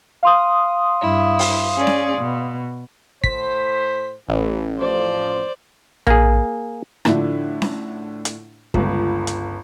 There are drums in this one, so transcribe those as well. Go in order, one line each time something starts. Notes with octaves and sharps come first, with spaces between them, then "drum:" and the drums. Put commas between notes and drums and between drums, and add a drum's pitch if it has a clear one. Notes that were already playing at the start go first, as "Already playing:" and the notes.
F5 C6 D#6
G2 E4
drum: open hi-hat
C#4 G#4 D5
drum: snare C#4
B2
A2 C5 B6, drum: kick
A1 E3
F2 F3 C5 D5
A#3 G#4, drum: tom A#1
A2 D3 F3 A3 D4 E4, drum: rim click
drum: snare C#4
drum: hi-hat
G1 C#2, drum: kick
drum: hi-hat